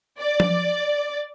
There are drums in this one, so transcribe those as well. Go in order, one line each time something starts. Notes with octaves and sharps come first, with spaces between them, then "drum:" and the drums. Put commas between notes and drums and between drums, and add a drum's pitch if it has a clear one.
D5
drum: tom F3